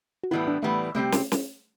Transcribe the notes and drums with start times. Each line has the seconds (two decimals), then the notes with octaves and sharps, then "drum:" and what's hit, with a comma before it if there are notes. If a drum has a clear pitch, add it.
0.24 F#4
0.31 A2 E3 G3 B3 E4
0.48 D4
0.63 A2 E3 G3 A3 B3
0.95 C3 G3 A3 C4 G4
1.12 drum: snare
1.32 drum: snare